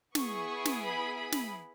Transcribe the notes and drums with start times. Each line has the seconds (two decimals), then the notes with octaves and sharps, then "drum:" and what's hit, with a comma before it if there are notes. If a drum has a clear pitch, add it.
0.15 B3 E4 G#4 C#6, drum: snare
0.65 drum: snare
0.82 B5
1.16 B5
1.32 drum: snare